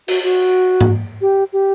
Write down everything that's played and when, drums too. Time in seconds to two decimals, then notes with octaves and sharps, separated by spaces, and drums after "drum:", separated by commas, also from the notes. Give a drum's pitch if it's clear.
0.08 F#4, drum: cymbal
0.23 F#4
0.81 drum: tom G#2
1.21 G4
1.53 G4